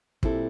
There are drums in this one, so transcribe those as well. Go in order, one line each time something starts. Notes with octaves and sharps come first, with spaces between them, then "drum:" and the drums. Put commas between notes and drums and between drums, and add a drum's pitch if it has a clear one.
A#2 G3 C4 E4 A4, drum: kick